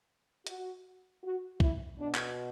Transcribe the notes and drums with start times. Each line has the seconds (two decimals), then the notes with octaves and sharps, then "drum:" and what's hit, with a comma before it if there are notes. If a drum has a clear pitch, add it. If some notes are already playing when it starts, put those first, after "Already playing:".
0.47 F#4, drum: hi-hat
1.23 F#4
1.60 E4, drum: kick
1.97 B2 D4
2.15 drum: clap